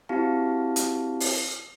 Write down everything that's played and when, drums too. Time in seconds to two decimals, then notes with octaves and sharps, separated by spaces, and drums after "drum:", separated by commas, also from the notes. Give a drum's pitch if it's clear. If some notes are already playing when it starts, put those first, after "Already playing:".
0.09 C4 E4 F#4 G4 F5 A5
0.76 drum: hi-hat
1.20 drum: open hi-hat